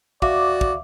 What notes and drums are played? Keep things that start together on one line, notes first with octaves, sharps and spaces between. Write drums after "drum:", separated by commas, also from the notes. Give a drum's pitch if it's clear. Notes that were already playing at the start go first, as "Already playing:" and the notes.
F#4 D5 E5 F5 D6, drum: kick
drum: kick